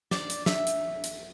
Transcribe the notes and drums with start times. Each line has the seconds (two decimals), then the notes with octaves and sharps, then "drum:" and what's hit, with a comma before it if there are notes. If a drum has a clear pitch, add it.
0.11 D5, drum: snare
0.30 drum: hi-hat
0.46 E5, drum: snare
0.67 drum: hi-hat
1.04 drum: hi-hat